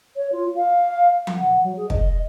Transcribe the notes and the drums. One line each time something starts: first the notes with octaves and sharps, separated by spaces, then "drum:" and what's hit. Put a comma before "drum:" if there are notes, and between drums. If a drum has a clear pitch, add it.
C#5
F4
F5
drum: tom F3
F#5
F#3
G#4
D#5, drum: kick